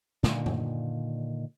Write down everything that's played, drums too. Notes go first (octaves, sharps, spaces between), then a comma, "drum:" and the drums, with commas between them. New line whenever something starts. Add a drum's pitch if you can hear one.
A#2 D3 D#3, drum: snare
drum: tom F#2